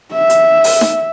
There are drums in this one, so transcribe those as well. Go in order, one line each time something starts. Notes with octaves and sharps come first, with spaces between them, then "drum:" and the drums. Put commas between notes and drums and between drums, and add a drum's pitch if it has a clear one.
E5
drum: hi-hat
drum: open hi-hat
drum: snare D#4